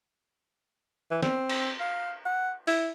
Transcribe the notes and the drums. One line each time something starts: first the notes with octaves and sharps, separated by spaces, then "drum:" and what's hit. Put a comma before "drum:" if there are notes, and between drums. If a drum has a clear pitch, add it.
E3
C4, drum: snare
drum: cymbal
F5
F#5
E4, drum: open hi-hat